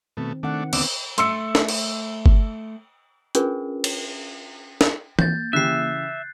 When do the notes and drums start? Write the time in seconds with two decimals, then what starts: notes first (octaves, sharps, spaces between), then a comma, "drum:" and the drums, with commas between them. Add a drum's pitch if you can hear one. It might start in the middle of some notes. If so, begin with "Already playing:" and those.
0.17 B2 D#3 A3 C4
0.43 D#3 A3 C4 D4 F#5
0.73 D2 B3 C4 D6 E6, drum: cymbal
1.18 A3 C6 E6 C#7, drum: hi-hat
1.55 drum: snare
1.68 drum: cymbal
2.26 drum: kick G1
3.35 C#4 D4 F4 G#4 A#4 B4, drum: hi-hat
3.84 drum: cymbal
4.81 drum: snare
5.19 A#3 G6 A6, drum: tom
5.53 C#3 E3 G4 E5 F#6 C7